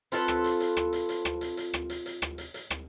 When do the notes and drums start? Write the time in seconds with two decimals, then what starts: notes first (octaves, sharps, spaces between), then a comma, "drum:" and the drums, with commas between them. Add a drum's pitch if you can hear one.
0.12 C4 F4 A4 B4, drum: hi-hat
0.28 drum: rim click
0.44 drum: hi-hat
0.60 drum: hi-hat
0.77 drum: rim click
0.93 drum: hi-hat
1.09 drum: hi-hat
1.25 drum: rim click
1.41 drum: hi-hat
1.57 drum: hi-hat
1.73 drum: rim click
1.90 drum: hi-hat
2.06 drum: hi-hat
2.22 drum: rim click
2.38 drum: hi-hat
2.54 drum: hi-hat
2.70 drum: rim click